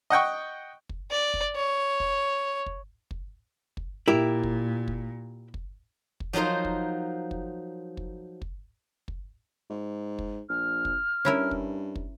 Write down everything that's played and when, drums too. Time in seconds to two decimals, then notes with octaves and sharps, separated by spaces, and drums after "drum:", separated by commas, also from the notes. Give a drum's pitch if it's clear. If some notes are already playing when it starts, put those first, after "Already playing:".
0.10 D#5 F#5 G5 C#6
0.89 drum: kick
1.11 D5
1.34 drum: kick
1.56 C#5
2.00 drum: kick
2.66 drum: kick
3.11 drum: kick
3.77 drum: kick
4.08 A#2 E4 G4 A#4
4.43 drum: kick
4.88 drum: kick
5.54 drum: kick
6.20 drum: kick
6.33 F3 F#3 D#4 A#4 C5
6.65 drum: kick
7.31 drum: kick
7.97 drum: kick
8.42 drum: kick
9.08 drum: kick
9.70 G#2
10.19 drum: kick
10.49 A#1 F6
10.85 drum: kick
11.25 G2 C#4 E4 A#4
11.51 drum: kick
11.96 drum: kick